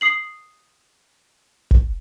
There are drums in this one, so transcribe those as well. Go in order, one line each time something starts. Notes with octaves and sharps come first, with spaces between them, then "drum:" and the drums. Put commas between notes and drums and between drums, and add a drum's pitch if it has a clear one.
D#6 C7 F#7
drum: kick G1